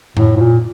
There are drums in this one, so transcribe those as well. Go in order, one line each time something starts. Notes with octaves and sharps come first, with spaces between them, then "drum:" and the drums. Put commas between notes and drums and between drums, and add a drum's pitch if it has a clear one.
A2, drum: tom F2
A2
A#2